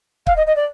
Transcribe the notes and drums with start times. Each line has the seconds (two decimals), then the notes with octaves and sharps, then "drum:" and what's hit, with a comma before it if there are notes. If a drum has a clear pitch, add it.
0.27 F5, drum: kick
0.36 D#5
0.46 D#5
0.56 D5